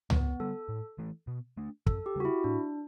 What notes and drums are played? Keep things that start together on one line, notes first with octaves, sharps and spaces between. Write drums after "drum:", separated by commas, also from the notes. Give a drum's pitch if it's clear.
E2 B3, drum: tom C#2
D3 G3 B3 A4
A2
E3 A3
B2
A3 D4
F#2 A4, drum: kick
G4
C#3 G3 F#4
E4
A2 D4